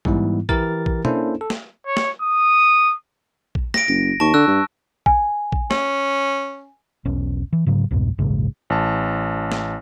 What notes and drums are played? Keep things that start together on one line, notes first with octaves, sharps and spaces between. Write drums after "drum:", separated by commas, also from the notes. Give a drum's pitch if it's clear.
G#2 E3 G3 B3 E4, drum: kick
E3 E4 G4 A#4 A6, drum: kick
drum: kick
A#3 C#4 D4 E4 A4 C5, drum: tom
A4
drum: snare
C#5
drum: snare
D#6
drum: kick
A#6 D7, drum: snare
F#1 A#6
D#2 A5 C#6
D3 E6 F#6
G2
G#5, drum: kick
drum: kick
C#4, drum: snare
E1 B1 C#4
E3
G#2 C#3 F#3
C2 F2 G#2 B2
E1 A#1 G#2 C#3
A1 A5
drum: snare